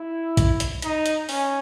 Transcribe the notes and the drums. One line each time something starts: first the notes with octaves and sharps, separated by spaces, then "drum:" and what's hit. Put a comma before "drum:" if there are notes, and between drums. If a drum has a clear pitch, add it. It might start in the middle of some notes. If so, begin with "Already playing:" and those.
Already playing: E4
drum: kick, hi-hat
drum: hi-hat
D#4, drum: hi-hat
drum: hi-hat
C#4, drum: open hi-hat